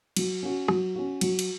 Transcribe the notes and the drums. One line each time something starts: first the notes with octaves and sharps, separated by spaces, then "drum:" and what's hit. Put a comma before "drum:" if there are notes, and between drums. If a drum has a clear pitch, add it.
F#3, drum: cymbal
C#4 F#4
F#3, drum: rim click
C#4 F#4
F#3, drum: cymbal
drum: cymbal